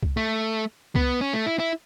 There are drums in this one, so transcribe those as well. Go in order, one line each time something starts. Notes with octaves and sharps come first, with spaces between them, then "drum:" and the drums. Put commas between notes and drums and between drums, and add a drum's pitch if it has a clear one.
drum: kick C2
A3
B3, drum: kick C2
C#4
A3
E4
E4